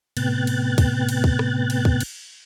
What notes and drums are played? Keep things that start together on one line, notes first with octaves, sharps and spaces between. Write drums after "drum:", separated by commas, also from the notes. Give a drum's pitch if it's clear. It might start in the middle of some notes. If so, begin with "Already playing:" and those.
A2 C3 B3 G5 F#6 A6, drum: cymbal
drum: cymbal
drum: kick, cymbal
drum: cymbal
drum: kick
drum: rim click
drum: cymbal
drum: kick
drum: cymbal